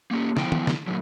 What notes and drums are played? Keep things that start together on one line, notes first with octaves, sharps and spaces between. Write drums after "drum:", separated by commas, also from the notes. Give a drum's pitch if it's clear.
A#3 C#4 G4
F3 B3 E4 G5, drum: snare
drum: tom
drum: snare
A#2 D3 F#3